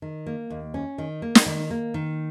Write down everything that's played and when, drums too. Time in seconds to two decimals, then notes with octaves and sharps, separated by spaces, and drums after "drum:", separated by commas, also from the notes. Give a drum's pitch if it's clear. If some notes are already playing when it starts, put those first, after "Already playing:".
0.02 D#3
0.26 A#3
0.50 D#2
0.74 C#4
0.98 D#3
1.22 A#3
1.35 drum: snare
1.46 D#3
1.70 A#3
1.94 D#3